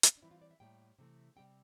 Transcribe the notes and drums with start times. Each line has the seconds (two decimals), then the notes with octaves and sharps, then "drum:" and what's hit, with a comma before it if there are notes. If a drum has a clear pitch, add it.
0.03 drum: hi-hat
0.17 D4
0.22 E3 G3 C4 E4
0.31 F4
0.41 D5
0.51 E5
0.60 A2 G3 A#3 G5
0.98 C3 E3 A3 C4
1.36 C3 G3 C4 G5